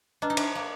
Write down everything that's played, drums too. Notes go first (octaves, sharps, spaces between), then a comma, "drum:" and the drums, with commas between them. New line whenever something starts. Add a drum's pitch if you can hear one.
D4 B4 D#5 A#5
D#4
D4, drum: cymbal
A#3